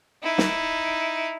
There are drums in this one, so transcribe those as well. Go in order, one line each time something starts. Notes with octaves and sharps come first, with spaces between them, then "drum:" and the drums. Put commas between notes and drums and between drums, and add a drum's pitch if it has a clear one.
D#4 E4
drum: snare